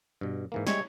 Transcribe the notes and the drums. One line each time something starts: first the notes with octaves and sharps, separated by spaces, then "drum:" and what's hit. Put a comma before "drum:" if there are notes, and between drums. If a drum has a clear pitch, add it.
G2 B2
G#2 E3 A#3
G3 G#3 C#5 E5, drum: snare